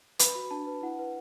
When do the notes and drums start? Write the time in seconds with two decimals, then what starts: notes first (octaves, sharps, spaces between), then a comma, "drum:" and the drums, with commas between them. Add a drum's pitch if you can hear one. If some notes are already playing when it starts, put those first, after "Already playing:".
0.19 B4 B5, drum: hi-hat
0.35 F#4 B5
0.51 D4 A5
0.67 B4
0.82 E4 F#5
0.99 B4